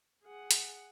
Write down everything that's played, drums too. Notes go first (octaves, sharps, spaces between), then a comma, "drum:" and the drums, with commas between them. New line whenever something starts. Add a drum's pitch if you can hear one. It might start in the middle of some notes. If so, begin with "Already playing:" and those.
G#4 F#5
drum: hi-hat